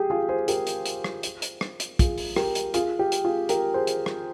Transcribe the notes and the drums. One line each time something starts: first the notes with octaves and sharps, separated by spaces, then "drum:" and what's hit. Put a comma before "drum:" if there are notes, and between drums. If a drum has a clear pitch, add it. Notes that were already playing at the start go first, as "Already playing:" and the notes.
Already playing: G4 G#4
F4 G#4
G#4 C5
G4 A#4, drum: hi-hat
drum: hi-hat
drum: hi-hat
drum: rim click
drum: hi-hat
drum: hi-hat
drum: rim click
drum: hi-hat
F4 G#4, drum: kick, hi-hat
drum: open hi-hat
G4 A#4, drum: rim click
drum: hi-hat
F4 G#4, drum: hi-hat
G4
drum: hi-hat
F4 G#4
G4 A#4, drum: hi-hat
G#4 C5
drum: hi-hat
drum: rim click